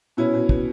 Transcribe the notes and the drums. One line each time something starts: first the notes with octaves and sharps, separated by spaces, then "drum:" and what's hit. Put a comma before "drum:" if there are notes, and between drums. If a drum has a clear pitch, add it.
B2 C#4 E4
B2
B2, drum: kick